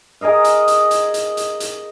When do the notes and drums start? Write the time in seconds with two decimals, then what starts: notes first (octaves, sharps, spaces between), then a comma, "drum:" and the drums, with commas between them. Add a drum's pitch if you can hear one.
0.21 G#4 A#4 D#5 F5
0.44 drum: hi-hat
0.68 drum: hi-hat
0.91 drum: hi-hat
1.14 drum: hi-hat
1.37 drum: hi-hat
1.60 drum: hi-hat